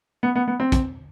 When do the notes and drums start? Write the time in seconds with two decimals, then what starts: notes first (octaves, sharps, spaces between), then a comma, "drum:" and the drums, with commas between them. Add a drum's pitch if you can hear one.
0.23 B3
0.35 B3
0.48 B3
0.60 C4
0.72 drum: kick, hi-hat